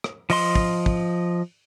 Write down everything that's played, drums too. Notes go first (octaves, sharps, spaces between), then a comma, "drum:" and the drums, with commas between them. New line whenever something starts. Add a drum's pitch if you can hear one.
drum: rim click
F3 D#5 C6, drum: open hi-hat
drum: kick
drum: kick